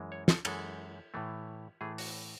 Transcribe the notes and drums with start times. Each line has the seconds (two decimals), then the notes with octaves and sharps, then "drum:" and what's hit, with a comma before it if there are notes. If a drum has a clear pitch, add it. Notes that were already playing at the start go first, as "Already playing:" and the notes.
Already playing: F#2 E3 G#3
0.12 C#5
0.28 A4, drum: snare
0.45 F#2 E3 G#3 A4, drum: cymbal
1.14 A2 E3 A3
1.81 A2 E3 A3 G#4
1.98 F#4, drum: open hi-hat